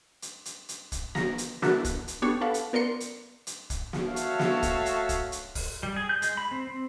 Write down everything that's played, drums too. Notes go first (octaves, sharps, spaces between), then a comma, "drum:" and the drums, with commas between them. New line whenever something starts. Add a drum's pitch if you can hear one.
drum: hi-hat
drum: hi-hat
drum: hi-hat
drum: kick, hi-hat
A#5, drum: snare
drum: hi-hat
D4 E4 F#4 A4 A#4, drum: snare
drum: kick, hi-hat
drum: hi-hat
B3 D4 G4 A4 C#5
A4 B4 F5 F#5
drum: hi-hat
B3 A#4 D5 C6 C#7
drum: hi-hat
drum: hi-hat
drum: kick, hi-hat
drum: snare
A3 F#4 C#5 E5 F5 A5
drum: hi-hat
drum: snare
drum: kick, hi-hat
drum: hi-hat
drum: kick, hi-hat
drum: hi-hat
drum: kick, open hi-hat
G3
G#4
G6
G#3, drum: hi-hat
B5
C4
C4